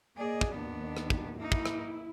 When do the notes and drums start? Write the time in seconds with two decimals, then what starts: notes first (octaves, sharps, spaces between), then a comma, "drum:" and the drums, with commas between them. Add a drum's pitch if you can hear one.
0.17 A#3 G#4 D5 D#5
0.41 drum: kick
0.51 D#2 D#3 B3 D4
0.97 drum: rim click
1.10 drum: kick
1.38 A#3 D#4 E4
1.52 drum: kick
1.66 drum: rim click